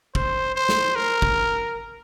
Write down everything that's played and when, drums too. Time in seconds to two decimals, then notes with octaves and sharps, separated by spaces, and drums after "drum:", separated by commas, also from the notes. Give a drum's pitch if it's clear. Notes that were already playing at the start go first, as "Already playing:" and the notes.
0.15 C5, drum: kick
0.55 C5
0.69 drum: snare
0.95 A#4
1.22 drum: kick